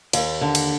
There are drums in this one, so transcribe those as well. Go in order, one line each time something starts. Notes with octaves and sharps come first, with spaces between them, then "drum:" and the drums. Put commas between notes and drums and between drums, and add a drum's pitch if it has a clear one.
D#2, drum: cymbal
D3
drum: cymbal